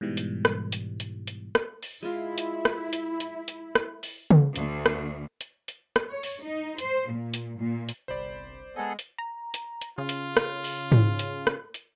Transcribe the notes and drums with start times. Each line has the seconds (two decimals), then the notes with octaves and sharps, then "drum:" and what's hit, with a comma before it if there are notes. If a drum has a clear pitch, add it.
0.01 G#2 B2 E3 G3
0.17 drum: hi-hat
0.45 drum: rim click
0.72 drum: hi-hat
1.00 drum: hi-hat
1.27 drum: hi-hat
1.55 drum: rim click
1.83 drum: open hi-hat
2.03 G#3 E4 F4
2.38 drum: hi-hat
2.65 drum: rim click
2.93 drum: hi-hat
3.20 drum: hi-hat
3.48 drum: hi-hat
3.75 drum: rim click
4.03 drum: open hi-hat
4.31 drum: tom C#3
4.56 D2, drum: hi-hat
4.86 drum: rim click
5.41 drum: hi-hat
5.68 drum: hi-hat
5.96 drum: rim click
6.09 C#5
6.23 drum: open hi-hat
6.43 D#4
6.78 C5, drum: hi-hat
7.09 A#2
7.34 drum: hi-hat
7.58 A#2
7.89 drum: hi-hat
8.08 G1 C2 C5 D5 B5
8.76 G#3 B3 G#4 A4 D#5
8.99 drum: hi-hat
9.18 A#5
9.54 drum: hi-hat
9.81 drum: hi-hat
9.98 C#3 F4
10.09 drum: hi-hat
10.37 drum: rim click
10.64 drum: open hi-hat
10.92 drum: tom G#2
11.19 drum: hi-hat
11.47 drum: rim click
11.74 drum: hi-hat